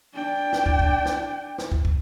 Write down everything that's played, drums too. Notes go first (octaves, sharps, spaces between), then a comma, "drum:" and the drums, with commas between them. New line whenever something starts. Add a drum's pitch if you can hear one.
D4 G5
drum: snare
drum: kick
drum: kick
drum: snare
drum: snare
drum: kick
drum: kick